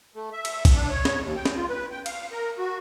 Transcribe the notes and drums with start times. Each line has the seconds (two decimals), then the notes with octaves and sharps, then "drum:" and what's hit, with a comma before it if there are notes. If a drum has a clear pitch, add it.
0.15 A3
0.33 E5
0.45 drum: cymbal
0.65 drum: kick, cymbal
0.74 D4
0.90 C#5
1.05 drum: snare
1.21 D#2
1.36 G5
1.45 drum: snare
1.57 F4
1.70 B4
1.92 G5
2.06 F5, drum: cymbal
2.32 A#4
2.59 F#4